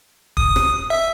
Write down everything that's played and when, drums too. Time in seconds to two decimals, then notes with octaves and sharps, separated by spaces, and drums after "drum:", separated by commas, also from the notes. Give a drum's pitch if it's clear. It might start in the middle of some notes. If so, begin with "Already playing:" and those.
0.37 D#6, drum: kick
0.56 drum: rim click
0.90 E5